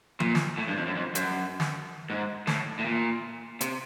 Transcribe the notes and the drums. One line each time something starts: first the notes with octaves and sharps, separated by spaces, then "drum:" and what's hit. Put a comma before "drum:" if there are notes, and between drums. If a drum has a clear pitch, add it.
A#2, drum: tom F3
drum: snare
A2
G2
F2
F#2
F2
F#2, drum: hi-hat
drum: snare
G#2
A2, drum: snare
A2
A#2
C3, drum: hi-hat